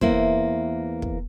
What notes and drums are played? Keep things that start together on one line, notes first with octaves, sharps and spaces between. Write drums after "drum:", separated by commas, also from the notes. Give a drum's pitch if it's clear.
E2 A#3 E4 C5, drum: kick
drum: kick